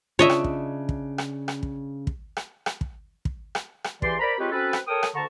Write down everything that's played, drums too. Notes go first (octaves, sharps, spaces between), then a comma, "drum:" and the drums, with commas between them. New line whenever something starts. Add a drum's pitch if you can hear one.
C#3 D4 F4 C#5 D#5 E5
drum: rim click
drum: kick
drum: kick
drum: rim click
drum: rim click
drum: kick
drum: kick
drum: rim click
drum: rim click
drum: kick
drum: kick
drum: rim click
drum: rim click
E2 E3 G4 D5 C6, drum: kick
A#4 C5 D5 A#5 B5
G#3 C4 F4 G4 B4 C#5
C4 C#4 F#4 A4 B4
drum: rim click
A4 A#4 C#5 G5 D#6
drum: rim click
D2 D3 A5 A#5 C#6